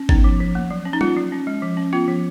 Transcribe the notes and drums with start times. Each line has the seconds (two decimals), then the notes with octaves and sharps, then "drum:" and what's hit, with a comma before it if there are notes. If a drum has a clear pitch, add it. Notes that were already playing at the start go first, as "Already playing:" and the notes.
Already playing: C#4
0.09 B3 D#4, drum: kick G#1
0.24 F3
0.40 F3
0.55 A#3
0.71 F#3
0.85 C#4
0.93 D#4
1.01 A#3 F4, drum: tom
1.17 F#3
1.32 C#4
1.47 G#3
1.62 F3
1.77 C#4
1.93 B3 F4
2.08 F3